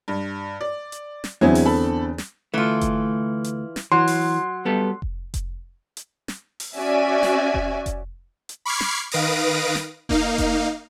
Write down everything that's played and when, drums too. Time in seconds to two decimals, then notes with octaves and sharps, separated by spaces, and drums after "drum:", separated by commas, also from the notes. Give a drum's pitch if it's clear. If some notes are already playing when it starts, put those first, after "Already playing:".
0.08 G2
0.61 D5
0.92 drum: hi-hat
1.24 drum: snare
1.41 E2 D3 F#3 C4 E4 G#4
1.55 drum: open hi-hat
1.66 A4 B5
2.18 drum: snare
2.54 D2 E3 A3 F4
2.81 drum: kick F1, hi-hat
3.44 drum: hi-hat
3.76 drum: snare
3.92 E3 F#3 C6
4.07 drum: open hi-hat
4.65 G3 B3 A4
5.02 drum: kick F1
5.34 drum: kick F1, hi-hat
5.97 drum: hi-hat
6.28 drum: snare
6.60 drum: open hi-hat
6.77 C#4 F#4 D5 E5 G#5
7.23 drum: snare
7.54 drum: kick F1
7.86 drum: kick F1, hi-hat
8.49 drum: hi-hat
8.65 B5 C#6 D6 F6 G#6 C7
8.81 drum: snare
9.11 D#3 B4 F5 D#6 A#6 D7, drum: open hi-hat
9.75 drum: snare
10.09 A#3 D#4 F5, drum: kick F1
10.38 drum: kick F1, hi-hat